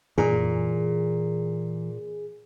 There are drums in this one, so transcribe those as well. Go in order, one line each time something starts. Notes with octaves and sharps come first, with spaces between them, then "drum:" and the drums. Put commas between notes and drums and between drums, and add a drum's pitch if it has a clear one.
A#2 E3 G#4 A#5, drum: tom